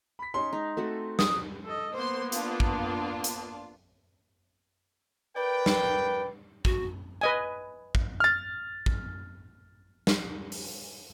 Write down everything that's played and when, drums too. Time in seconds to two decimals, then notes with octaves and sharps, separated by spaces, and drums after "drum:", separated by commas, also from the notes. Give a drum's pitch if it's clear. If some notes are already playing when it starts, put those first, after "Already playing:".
0.19 B5 B6
0.34 C#4 D#4 C6
0.53 G#3 D#4
0.77 A3 C4 F#4 A4
1.19 D#6, drum: snare
1.64 A4 D#5
1.94 A#3 B3 C5 C6
2.32 D4 F4, drum: hi-hat
2.60 drum: kick
3.24 drum: hi-hat
5.37 A#4 B4 D5 G5
5.66 drum: snare
6.65 F#4, drum: kick
7.21 B4 D#5 G#5
7.95 drum: kick
8.20 F6 A6
8.86 drum: kick
10.07 drum: snare
10.52 drum: open hi-hat